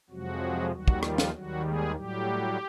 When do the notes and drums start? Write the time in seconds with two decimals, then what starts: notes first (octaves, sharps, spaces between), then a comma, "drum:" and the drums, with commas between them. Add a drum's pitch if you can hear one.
0.10 F2 C3 F3 F#3 G#3 F#4
0.71 D#2 D#3 F#3 G3 F#4
0.88 drum: kick
1.03 F3 F4, drum: rim click
1.18 drum: snare
1.33 D#2 D#3 F#3 G3 F#4
1.64 G#3 G#4
1.95 A2 F#3 G3 G4